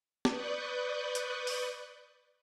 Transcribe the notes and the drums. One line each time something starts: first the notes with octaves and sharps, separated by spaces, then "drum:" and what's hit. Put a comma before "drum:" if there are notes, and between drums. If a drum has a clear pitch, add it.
B4 D5 C#6 D#6 F#6 G6, drum: snare
drum: hi-hat
drum: open hi-hat